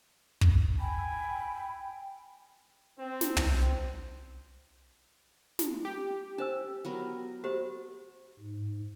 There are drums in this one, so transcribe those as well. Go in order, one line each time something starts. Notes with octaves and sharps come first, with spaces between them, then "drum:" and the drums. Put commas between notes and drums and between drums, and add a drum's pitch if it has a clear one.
drum: kick
G5 G#5 B5
C4
drum: snare
drum: tom
drum: snare
G4
D4 C5 A5 E6
F#3 B3 A#4
F#4 G4 C5 A5
G#2